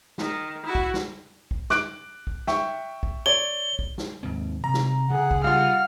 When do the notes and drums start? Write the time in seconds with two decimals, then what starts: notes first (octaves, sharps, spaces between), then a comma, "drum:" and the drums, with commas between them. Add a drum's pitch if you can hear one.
0.18 D#3, drum: snare
0.65 E4 F#4
0.75 drum: kick
0.94 drum: snare
1.51 drum: kick
1.70 D6 F#6 D7, drum: snare
2.27 drum: kick
2.47 E5 G5 C#6, drum: snare
3.03 drum: kick
3.26 C#5 D5 G7
3.79 drum: kick
3.98 drum: snare
4.23 D#2 G#2 C4
4.64 C3 A#5
4.74 drum: snare
5.10 C#3 G#4 F#5
5.31 drum: kick
5.44 G3 F4 F5 F#5 F6